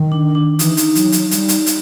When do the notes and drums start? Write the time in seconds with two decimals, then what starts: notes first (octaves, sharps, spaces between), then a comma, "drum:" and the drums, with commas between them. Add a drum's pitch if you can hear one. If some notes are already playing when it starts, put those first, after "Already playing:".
Already playing: D#3
0.12 D4
0.35 D4
0.59 E3 D#4, drum: hi-hat
0.77 drum: hi-hat
0.95 F#3, drum: hi-hat
1.12 F#3, drum: hi-hat
1.31 G3, drum: hi-hat
1.48 drum: hi-hat
1.66 drum: hi-hat